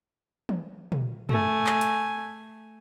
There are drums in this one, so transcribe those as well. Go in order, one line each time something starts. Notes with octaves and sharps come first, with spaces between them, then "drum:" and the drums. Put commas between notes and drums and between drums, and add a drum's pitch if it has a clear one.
drum: tom
drum: tom
A3 G#5, drum: tom
drum: clap
drum: hi-hat